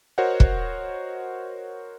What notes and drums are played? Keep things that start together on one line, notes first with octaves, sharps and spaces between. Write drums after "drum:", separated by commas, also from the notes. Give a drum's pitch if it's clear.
F#4 A#4 C5 C#5 D#5 F#5
drum: kick